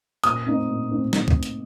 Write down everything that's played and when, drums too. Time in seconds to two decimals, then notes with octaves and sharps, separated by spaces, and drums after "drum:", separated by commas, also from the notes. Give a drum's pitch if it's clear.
0.23 A#2 D#6, drum: hi-hat
0.46 A3 C4 D#4
0.68 A#2
0.91 A3 C4 D#4
1.13 drum: snare
1.28 drum: kick
1.43 drum: hi-hat